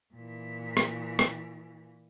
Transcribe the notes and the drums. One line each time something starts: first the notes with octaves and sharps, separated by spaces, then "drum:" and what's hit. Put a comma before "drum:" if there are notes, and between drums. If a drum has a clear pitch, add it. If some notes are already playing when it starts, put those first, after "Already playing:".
A#2 E3
drum: rim click
drum: rim click